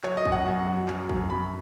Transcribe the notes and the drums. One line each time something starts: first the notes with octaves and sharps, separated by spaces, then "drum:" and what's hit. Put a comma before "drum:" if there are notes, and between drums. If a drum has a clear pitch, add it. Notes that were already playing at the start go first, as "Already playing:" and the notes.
F#3 C#5, drum: clap
D#5
F#2, drum: kick
F#5
F#2
F#3
F#2, drum: clap
F#2, drum: kick
F#2 B5